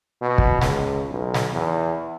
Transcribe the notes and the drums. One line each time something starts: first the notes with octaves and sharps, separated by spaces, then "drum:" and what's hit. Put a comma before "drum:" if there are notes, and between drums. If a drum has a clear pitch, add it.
B2
drum: kick
C#2, drum: snare
B1
drum: snare
E2